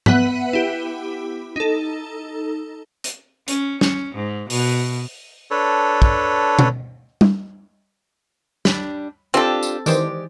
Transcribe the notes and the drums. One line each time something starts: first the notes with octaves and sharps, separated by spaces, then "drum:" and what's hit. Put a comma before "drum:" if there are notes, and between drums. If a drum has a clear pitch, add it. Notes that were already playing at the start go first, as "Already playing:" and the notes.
B3 B4 E5 F#5 D#7, drum: tom G#2
E4 G4
D#4 A4
drum: hi-hat
C#4, drum: hi-hat
C#4, drum: snare
G#2
B2, drum: open hi-hat
D4 A4 B4 C#5
drum: kick
drum: tom B2
drum: tom G3
G3 D4 B5, drum: snare
C4 D4 F4 G4 A4
drum: tambourine
D#3 E3 G#3 G4 C5 D5, drum: tambourine